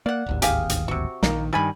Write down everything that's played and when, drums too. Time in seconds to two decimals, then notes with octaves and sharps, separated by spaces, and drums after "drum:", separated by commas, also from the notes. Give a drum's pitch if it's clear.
0.06 A#3 D5 F#5
0.26 D1 G#1 D#2
0.42 G4 G#4 F5, drum: hi-hat
0.69 drum: hi-hat
0.88 C3 F#4
1.23 A#1 D#3 A#3, drum: snare
1.53 G2 D#3 G3 G#5 B5